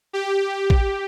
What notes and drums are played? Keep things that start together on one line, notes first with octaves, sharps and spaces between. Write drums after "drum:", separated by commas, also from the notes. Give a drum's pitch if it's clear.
G4
drum: kick